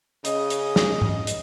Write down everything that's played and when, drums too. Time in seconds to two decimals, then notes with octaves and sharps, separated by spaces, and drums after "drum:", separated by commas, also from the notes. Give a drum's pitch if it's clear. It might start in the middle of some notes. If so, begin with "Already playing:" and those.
0.25 C#3 D#5, drum: hi-hat
0.50 drum: hi-hat
0.76 drum: snare
1.02 drum: tom G#2
1.27 drum: hi-hat